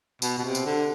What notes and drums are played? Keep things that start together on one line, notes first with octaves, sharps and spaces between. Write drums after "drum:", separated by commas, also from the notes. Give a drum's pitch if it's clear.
B2, drum: tambourine
B2
C3
drum: tambourine
D3